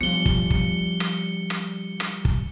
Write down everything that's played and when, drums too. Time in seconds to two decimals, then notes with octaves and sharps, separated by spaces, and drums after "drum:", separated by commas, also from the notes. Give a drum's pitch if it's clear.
0.01 F3 G3 B3 D4 F4 C#7 G7
0.26 drum: kick
0.50 drum: kick
1.00 drum: rim click
1.50 drum: rim click
2.00 drum: rim click
2.25 drum: kick